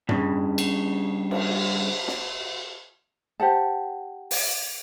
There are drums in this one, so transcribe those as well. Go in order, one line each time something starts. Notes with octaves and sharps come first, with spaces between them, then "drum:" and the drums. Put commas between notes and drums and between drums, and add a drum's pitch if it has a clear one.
G2 C#3, drum: tom
drum: cymbal
drum: cymbal
drum: snare
G4 C5 F#5 A5
drum: open hi-hat